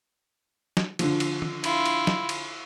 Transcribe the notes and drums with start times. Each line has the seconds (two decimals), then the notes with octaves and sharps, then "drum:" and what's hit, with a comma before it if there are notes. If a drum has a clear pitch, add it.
0.77 drum: snare
0.99 D3 F3, drum: cymbal
1.20 drum: cymbal
1.42 drum: tom
1.64 E4 F4, drum: cymbal
1.86 drum: cymbal
2.07 drum: snare
2.29 drum: cymbal